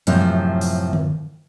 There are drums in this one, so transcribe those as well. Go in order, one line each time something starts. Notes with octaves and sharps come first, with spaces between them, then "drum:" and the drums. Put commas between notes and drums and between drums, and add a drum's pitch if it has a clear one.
F#2 A2 C3 F3, drum: hi-hat
drum: open hi-hat
drum: tom D3